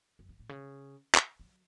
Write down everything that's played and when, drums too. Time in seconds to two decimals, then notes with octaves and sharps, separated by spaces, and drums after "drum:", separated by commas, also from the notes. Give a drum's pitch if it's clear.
0.19 F#2
0.29 G2
0.39 A2
0.49 C#3
1.15 drum: clap
1.40 F#3